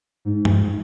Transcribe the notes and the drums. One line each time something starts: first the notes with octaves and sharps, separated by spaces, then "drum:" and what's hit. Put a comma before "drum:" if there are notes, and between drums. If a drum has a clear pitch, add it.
G#2
drum: tom